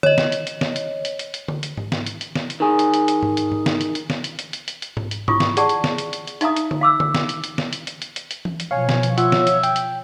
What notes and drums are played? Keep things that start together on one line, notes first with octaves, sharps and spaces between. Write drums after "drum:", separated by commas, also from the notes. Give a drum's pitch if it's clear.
C#5 D#5, drum: tom D3
drum: snare
drum: hi-hat
drum: hi-hat
drum: snare
drum: hi-hat
drum: hi-hat
drum: hi-hat
drum: hi-hat
drum: tom D3
drum: hi-hat
drum: tom G#2
drum: snare
drum: hi-hat
drum: hi-hat
drum: snare
drum: hi-hat
D#3 G#4
drum: hi-hat
drum: hi-hat
drum: hi-hat
drum: tom G#2
drum: hi-hat
drum: tom G#2
drum: snare
drum: hi-hat
drum: hi-hat
drum: snare
drum: hi-hat
drum: hi-hat
drum: hi-hat
drum: hi-hat
drum: hi-hat
drum: tom G#2
drum: hi-hat
E4 F4 C#6 D#6, drum: tom G#2
drum: snare
G#4 D5 F#5 A5 C#6, drum: hi-hat
drum: hi-hat
drum: snare
drum: hi-hat
drum: hi-hat
drum: hi-hat
D#4 E5 F5 A#5 D#6, drum: hi-hat
drum: hi-hat
drum: tom D3
F5 D6 E6
drum: tom D3
drum: snare
drum: hi-hat
drum: hi-hat
drum: snare
drum: hi-hat
drum: hi-hat
drum: hi-hat
drum: hi-hat
drum: hi-hat
drum: tom E3
drum: hi-hat
B2 F3 C#5 F5 G#5
drum: snare
drum: hi-hat
F4 E5 F#5, drum: hi-hat
drum: snare
drum: hi-hat
G5, drum: hi-hat
drum: hi-hat